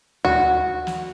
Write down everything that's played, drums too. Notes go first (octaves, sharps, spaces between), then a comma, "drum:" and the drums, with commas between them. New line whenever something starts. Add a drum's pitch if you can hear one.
F#4, drum: tom D2
drum: snare